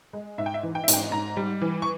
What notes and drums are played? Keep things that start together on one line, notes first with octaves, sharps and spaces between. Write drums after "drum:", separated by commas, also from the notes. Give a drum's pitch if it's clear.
G#3
G#2 E5
G5
E5
E3
G5
E5
G#2, drum: hi-hat
G5
G#2 A#5
G3
E3
C#6